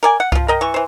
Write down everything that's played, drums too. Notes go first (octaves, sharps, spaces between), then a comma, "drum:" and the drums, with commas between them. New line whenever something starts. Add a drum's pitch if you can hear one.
A#4 D5 G#5
F#5
F3 F4, drum: kick C2
A#4 D#5 G5
E3 C#6
E3 C5